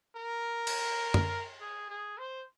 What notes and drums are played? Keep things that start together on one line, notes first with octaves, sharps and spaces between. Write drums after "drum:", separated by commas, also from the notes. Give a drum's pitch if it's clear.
A#4
drum: cymbal
drum: tom F#2
G#4
G#4
C5